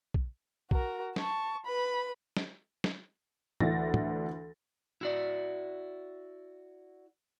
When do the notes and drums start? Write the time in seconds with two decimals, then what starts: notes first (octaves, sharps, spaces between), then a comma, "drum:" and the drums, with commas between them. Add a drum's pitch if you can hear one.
0.14 drum: kick
0.71 F#4 A#4, drum: kick
1.16 A5 C#6, drum: snare
1.66 B4 B5
2.37 drum: snare
2.84 drum: snare
3.60 D2 E3 D4 A6 A#6, drum: tom
3.94 drum: tom
5.01 E4 F#4 D5